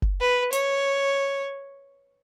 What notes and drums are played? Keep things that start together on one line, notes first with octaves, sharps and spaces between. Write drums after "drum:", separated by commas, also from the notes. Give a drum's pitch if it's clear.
drum: kick F#1
B4
C#5, drum: hi-hat